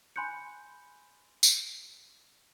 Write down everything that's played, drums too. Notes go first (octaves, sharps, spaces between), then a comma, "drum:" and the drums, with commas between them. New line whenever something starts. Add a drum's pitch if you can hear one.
G#5 B5 C6 F#6 G6 C#7
drum: tambourine